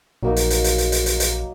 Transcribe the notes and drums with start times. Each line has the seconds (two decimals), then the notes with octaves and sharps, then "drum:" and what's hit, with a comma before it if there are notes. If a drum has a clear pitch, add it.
0.23 A#1 F#3 A#3 D#4
0.36 drum: hi-hat
0.50 drum: hi-hat
0.64 drum: hi-hat
0.78 drum: hi-hat
0.92 drum: hi-hat
1.06 drum: hi-hat
1.20 drum: hi-hat